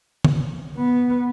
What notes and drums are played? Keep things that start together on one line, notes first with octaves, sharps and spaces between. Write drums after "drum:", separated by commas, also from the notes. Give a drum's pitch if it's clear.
drum: tom
B3